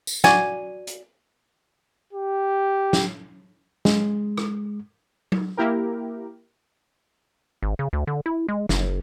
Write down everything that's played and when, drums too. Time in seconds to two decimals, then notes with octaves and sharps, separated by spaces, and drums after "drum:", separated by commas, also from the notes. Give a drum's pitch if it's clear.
0.07 drum: tambourine
0.24 F#4 D5 G#5, drum: snare
0.87 drum: hi-hat
2.13 G4
2.93 drum: snare
3.85 G#3, drum: snare
4.38 drum: rim click
5.32 drum: tom F#3
5.57 A#3 E4 G4 A#4
7.63 G#1
7.79 C#3
7.93 D2
8.07 D3
8.26 E4
8.49 G#3
8.69 F#1, drum: snare